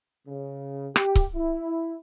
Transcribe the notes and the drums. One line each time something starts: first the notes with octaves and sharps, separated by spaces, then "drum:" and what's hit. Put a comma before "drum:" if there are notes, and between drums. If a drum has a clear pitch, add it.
C#3
G4, drum: rim click
drum: kick C#1
E4